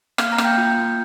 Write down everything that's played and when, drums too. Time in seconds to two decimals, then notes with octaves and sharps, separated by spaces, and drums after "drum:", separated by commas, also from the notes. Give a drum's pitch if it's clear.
0.18 A#3 F5 F6, drum: rim click
0.32 A#5 A#6
0.38 A#3, drum: rim click
0.44 G5 G6
0.58 F4
0.78 A#3